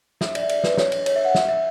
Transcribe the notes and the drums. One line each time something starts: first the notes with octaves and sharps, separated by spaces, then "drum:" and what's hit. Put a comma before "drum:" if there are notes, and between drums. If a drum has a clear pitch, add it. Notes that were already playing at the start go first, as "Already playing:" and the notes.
E5, drum: snare
D5, drum: cymbal
E5
D5, drum: cymbal
B4, drum: snare
C#5, drum: snare
drum: cymbal
C#5, drum: cymbal
E5
F#5
E5, drum: snare
E5